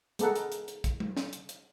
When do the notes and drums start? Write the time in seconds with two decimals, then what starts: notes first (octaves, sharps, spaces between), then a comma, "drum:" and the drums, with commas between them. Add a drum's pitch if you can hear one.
0.19 G#3 B3 A4 A#4 F#5, drum: hi-hat
0.35 drum: hi-hat
0.52 drum: hi-hat
0.68 drum: hi-hat
0.84 drum: kick, hi-hat
1.00 drum: tom G#3
1.17 drum: snare
1.33 drum: hi-hat
1.49 drum: hi-hat